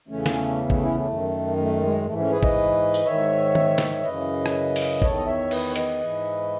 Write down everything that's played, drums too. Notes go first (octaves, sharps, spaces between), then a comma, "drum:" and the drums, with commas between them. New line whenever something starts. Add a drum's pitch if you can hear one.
E2 C#3 E3 A3 C#4
drum: snare
A3, drum: kick
C#4 E4
A3
F#2 D#3
A3
G#3
G#2 E3 A3
A3 C#4
G#4 B4
B4 D#5, drum: kick
drum: tambourine
G#2 D#3 C#5 E5
drum: tom D#3
drum: snare
F#2 C#3 E3 B4 D#5
drum: rim click
drum: open hi-hat
E2 D#3 A4 C#5, drum: kick
D#5
C#5 E5
B4 D#5, drum: cymbal
C#5
B4 D#5, drum: hi-hat
G#2 E3